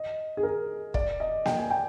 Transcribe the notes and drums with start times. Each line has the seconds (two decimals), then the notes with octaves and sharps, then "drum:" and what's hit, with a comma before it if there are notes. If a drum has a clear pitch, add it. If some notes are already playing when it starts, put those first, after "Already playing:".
Already playing: D#5
0.37 G#4
0.43 A#4
0.94 D5, drum: kick
1.20 D#5
1.46 G5, drum: snare A#3
1.58 G#5
1.71 G5